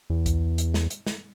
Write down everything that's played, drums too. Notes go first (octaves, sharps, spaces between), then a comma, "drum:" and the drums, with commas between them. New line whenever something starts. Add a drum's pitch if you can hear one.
E2
drum: kick C2, hi-hat
drum: hi-hat
drum: snare
drum: hi-hat
drum: snare